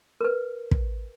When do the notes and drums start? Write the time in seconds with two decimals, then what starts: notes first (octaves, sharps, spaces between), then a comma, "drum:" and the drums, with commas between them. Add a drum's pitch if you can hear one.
0.21 A#4 B4
0.71 drum: kick